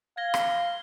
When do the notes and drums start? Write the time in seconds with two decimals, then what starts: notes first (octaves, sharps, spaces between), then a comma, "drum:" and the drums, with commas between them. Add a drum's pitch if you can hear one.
0.17 F5 G#6 A#6 G7
0.34 drum: rim click